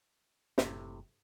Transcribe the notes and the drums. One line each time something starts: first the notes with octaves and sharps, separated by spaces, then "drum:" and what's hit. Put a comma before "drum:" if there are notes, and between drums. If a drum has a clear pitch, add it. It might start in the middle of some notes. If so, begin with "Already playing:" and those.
F#1 A2 C3, drum: snare